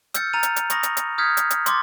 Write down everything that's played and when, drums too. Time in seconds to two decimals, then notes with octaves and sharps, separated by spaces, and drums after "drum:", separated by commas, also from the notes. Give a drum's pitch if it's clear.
0.14 E6 F6 G6 A6 C#7, drum: hi-hat
0.33 A#5 F6 A6 D#7 F7
0.43 drum: hi-hat
0.56 drum: hi-hat
0.70 B5 C#6 D#6 A#6, drum: hi-hat
0.83 drum: hi-hat
0.97 drum: hi-hat
1.18 D#6 F6 G6 G#6 B6 C#7
1.37 drum: hi-hat
1.50 drum: hi-hat
1.66 C6 D6 A6, drum: hi-hat